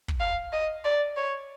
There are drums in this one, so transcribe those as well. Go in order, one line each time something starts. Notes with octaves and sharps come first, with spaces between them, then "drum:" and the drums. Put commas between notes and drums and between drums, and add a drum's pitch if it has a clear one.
drum: kick
F5
D#5
D5
C#5